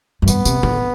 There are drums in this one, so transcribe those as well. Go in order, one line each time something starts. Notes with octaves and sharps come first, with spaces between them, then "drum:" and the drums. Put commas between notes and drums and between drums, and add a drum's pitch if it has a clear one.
F#2
G2 B3, drum: tambourine
C3, drum: tambourine
D3, drum: tom A2